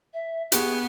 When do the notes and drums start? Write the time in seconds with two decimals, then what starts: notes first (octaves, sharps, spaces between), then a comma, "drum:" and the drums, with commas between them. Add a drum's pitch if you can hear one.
0.13 E5
0.52 B3 G4 G#4 C#6, drum: hi-hat